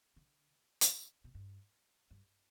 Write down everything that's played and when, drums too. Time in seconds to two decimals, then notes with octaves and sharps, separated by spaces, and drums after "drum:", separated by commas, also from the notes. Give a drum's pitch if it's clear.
0.16 D3
0.81 drum: hi-hat
1.24 B2
1.35 G2
2.11 G2